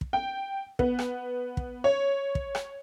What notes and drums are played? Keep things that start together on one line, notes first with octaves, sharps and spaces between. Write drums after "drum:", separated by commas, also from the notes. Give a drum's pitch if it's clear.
drum: kick
G5
B3, drum: kick
drum: rim click
drum: kick
C#5
drum: kick
drum: rim click